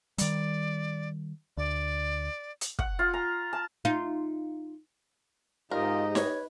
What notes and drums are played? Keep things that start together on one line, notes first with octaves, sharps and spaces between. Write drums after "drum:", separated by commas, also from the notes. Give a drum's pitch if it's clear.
D#3 G3 D5, drum: hi-hat
D2 D5
drum: hi-hat
F#5, drum: kick
F4
A#5
A5
D#4 F4
G#2 D#4 F4 G4 A#4 D#5
B4 C#5, drum: snare D#4